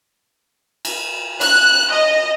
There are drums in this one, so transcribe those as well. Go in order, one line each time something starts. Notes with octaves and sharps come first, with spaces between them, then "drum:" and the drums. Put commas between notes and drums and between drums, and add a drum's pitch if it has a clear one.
drum: cymbal
F#6, drum: cymbal
D#5